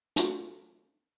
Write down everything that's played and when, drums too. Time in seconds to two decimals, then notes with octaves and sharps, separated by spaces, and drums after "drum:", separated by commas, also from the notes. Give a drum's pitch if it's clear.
0.16 F#3 A3 D4 F4 F#4, drum: hi-hat